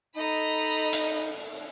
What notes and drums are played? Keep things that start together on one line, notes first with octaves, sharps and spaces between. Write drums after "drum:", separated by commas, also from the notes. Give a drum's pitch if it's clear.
D#4 A4 D#5 A#5 B5
drum: hi-hat